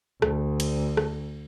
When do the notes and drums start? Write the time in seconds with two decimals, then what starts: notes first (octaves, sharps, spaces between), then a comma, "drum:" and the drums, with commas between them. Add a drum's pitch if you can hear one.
0.22 D2, drum: rim click
0.60 drum: cymbal
0.97 drum: rim click